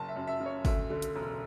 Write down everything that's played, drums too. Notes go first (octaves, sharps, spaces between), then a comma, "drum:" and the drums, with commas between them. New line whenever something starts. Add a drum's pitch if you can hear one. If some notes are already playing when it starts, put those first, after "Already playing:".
Already playing: F#1 A5
E5
F#2
E5
C#3
C#5
D2 E5, drum: kick, open hi-hat
D3
drum: hi-hat
E1